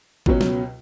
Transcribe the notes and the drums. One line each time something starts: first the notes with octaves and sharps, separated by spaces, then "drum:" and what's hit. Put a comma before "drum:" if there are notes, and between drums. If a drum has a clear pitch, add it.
C#2 B2 F#3 C#4, drum: kick
drum: snare